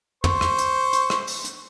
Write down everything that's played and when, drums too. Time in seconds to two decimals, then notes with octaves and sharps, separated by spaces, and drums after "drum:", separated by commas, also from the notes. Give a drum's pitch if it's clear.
0.24 C5 C#6, drum: tom
0.41 drum: rim click
0.58 drum: hi-hat
0.93 drum: hi-hat
1.10 drum: rim click
1.27 drum: open hi-hat
1.45 drum: hi-hat